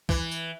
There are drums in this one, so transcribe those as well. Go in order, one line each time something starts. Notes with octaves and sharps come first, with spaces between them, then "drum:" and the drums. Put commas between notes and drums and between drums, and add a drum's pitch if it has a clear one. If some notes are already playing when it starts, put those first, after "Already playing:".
E3, drum: kick
drum: tambourine